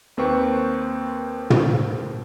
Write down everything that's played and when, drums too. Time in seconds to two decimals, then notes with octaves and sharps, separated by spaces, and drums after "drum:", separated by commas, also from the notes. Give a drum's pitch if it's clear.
0.17 D#2 A#3 C4 B4 G5 C#6
1.50 drum: tom